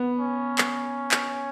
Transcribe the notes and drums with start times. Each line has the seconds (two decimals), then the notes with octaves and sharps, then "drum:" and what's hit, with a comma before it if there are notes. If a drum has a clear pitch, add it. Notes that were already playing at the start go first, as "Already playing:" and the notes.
Already playing: B3
0.19 C#4
0.58 drum: clap
1.11 drum: clap